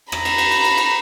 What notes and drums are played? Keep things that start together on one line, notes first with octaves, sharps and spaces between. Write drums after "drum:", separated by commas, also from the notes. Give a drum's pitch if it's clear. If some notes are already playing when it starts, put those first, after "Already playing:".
A#5 B5, drum: rim click
drum: cymbal
drum: cymbal
drum: cymbal
drum: cymbal
drum: cymbal